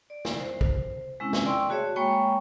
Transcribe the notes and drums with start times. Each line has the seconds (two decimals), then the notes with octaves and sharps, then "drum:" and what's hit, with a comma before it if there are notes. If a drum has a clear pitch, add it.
0.10 D5
0.25 drum: snare
0.39 C5
0.61 drum: kick
1.20 G#3 C4 C#4 E4
1.33 drum: snare
1.46 D5 G5 C6 C#6 E6
1.69 A3 F#4 G#4 C#5 E5
1.96 G#3 A#3 C#5 G5 B5 C#6